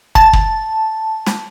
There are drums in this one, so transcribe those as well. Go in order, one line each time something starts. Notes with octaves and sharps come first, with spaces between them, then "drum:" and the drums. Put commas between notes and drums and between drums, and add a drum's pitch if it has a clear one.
A5, drum: kick
drum: kick
drum: snare